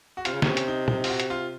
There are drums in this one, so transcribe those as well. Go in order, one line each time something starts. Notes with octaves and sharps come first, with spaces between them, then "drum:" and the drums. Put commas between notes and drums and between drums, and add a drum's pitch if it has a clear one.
F#4
C3 F4, drum: hi-hat
C#3
C3 C#4, drum: snare
drum: hi-hat
D#4
D#4, drum: tom A#2
F4, drum: open hi-hat
F#4
drum: hi-hat
F4